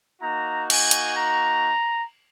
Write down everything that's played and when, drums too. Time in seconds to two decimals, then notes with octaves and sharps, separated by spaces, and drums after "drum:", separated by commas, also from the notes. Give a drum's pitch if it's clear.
0.22 A#3 D#4 F#4 A#5
0.70 G#5, drum: cymbal
0.91 drum: hi-hat
1.16 A#5